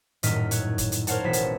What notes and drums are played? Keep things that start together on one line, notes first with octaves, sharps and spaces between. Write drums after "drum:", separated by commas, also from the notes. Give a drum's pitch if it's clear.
D#1 F#2 A2 D#5 F6 B6, drum: hi-hat
C#5 F#6, drum: hi-hat
drum: kick, hi-hat
drum: hi-hat
A#4 C5 C#5 F5 F#5 A5, drum: hi-hat
E1 A1 B2 B6 E7
drum: hi-hat